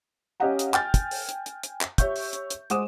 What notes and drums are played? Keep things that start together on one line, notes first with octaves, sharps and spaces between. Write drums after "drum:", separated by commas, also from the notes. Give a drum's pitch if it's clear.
C#4 G4 D#5 F5 F#5 A#5
drum: hi-hat
G5 G#5 F6 G6 A6, drum: clap
drum: kick, hi-hat
drum: open hi-hat
drum: hi-hat
drum: hi-hat
drum: hi-hat
drum: clap
G4 C#5 E5 C#6 G6, drum: kick, hi-hat
drum: open hi-hat
drum: hi-hat
drum: hi-hat
G#3 C5 F#5 D6 D#6 E7, drum: hi-hat